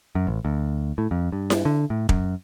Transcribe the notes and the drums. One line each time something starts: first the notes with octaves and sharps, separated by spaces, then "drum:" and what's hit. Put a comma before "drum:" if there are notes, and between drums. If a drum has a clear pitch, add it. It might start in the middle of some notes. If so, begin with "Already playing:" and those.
F#2
A1
D2
A2
F2
G2
drum: snare E4
D3
A2
F#2, drum: kick